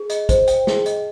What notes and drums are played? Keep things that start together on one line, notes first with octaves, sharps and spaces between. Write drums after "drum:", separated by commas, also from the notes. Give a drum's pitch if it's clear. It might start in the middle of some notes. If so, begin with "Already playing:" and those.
Already playing: G#4
D#5, drum: hi-hat
C5, drum: kick, hi-hat
G5, drum: hi-hat
G#4, drum: snare
D#5, drum: hi-hat